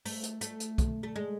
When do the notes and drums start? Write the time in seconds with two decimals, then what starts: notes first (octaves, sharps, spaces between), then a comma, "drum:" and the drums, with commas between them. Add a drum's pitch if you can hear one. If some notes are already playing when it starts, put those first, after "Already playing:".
0.05 A3, drum: open hi-hat
0.23 drum: hi-hat
0.41 A3, drum: hi-hat
0.60 drum: hi-hat
0.78 drum: kick, hi-hat
1.03 A3
1.16 G#3